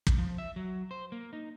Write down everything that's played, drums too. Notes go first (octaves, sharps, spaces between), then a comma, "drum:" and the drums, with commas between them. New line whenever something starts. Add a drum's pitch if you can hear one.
drum: kick
F3
E5
F#3
C5
A#3
D#4